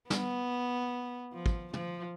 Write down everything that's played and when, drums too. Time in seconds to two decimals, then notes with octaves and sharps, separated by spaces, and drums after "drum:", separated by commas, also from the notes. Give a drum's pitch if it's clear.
0.10 B3, drum: snare
1.33 F3
1.46 drum: kick
1.73 F3, drum: tom